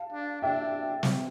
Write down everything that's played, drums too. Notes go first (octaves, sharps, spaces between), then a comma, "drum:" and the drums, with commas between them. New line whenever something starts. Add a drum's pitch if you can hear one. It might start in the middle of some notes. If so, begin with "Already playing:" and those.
Already playing: F5 A5
D4
D4 E5 G5
drum: snare